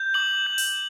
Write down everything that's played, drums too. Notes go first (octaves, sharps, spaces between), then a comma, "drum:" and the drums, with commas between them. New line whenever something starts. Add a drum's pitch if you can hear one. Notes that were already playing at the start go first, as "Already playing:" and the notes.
Already playing: G6
D6 F#7
G6
drum: open hi-hat